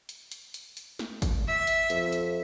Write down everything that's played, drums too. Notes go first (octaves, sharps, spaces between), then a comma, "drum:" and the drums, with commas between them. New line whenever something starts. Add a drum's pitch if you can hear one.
drum: hi-hat
drum: hi-hat
drum: hi-hat
drum: hi-hat
drum: snare
drum: kick, hi-hat
E5
drum: hi-hat
F2, drum: hi-hat
drum: hi-hat